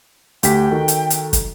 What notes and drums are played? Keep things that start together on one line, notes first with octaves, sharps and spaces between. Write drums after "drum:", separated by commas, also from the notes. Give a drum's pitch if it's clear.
D2 G4 G5 B6, drum: hi-hat
D#3 F#4 A4
drum: hi-hat
drum: hi-hat
drum: kick, hi-hat